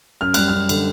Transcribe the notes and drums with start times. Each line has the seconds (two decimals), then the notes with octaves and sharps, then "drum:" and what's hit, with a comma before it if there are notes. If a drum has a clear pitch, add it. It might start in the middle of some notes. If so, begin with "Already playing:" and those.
0.21 F#2 F6
0.34 G3 F#6, drum: cymbal
0.48 F#2 F6
0.69 D3, drum: cymbal